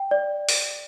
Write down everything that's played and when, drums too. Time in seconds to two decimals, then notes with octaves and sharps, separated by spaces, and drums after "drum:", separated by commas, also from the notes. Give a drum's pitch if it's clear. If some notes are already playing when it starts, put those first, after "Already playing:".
Already playing: G5
0.11 D5
0.49 drum: open hi-hat